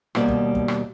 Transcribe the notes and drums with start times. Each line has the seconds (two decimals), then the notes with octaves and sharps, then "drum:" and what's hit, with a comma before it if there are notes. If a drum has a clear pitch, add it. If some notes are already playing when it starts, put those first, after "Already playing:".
0.15 D#2 B2 G3 A#3 D5, drum: rim click
0.28 drum: kick
0.55 drum: kick
0.68 drum: rim click